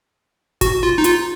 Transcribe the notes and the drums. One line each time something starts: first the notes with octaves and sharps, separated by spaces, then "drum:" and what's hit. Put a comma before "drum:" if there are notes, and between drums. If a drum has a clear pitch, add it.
F#4, drum: kick, hi-hat
F4
D#4
F4, drum: hi-hat